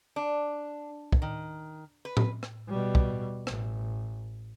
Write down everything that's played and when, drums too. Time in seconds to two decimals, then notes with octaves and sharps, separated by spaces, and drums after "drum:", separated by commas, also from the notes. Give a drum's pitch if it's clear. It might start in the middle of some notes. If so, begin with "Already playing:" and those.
0.16 D4
1.12 drum: kick
1.22 D#3
2.05 B4
2.17 drum: tom A2
2.43 drum: rim click
2.69 B2 G3
2.95 drum: kick
3.47 A1, drum: rim click